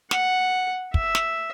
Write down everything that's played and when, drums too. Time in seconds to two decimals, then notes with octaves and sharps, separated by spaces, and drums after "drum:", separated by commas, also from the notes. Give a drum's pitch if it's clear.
0.11 F#5, drum: snare
0.94 E5, drum: kick
1.15 drum: snare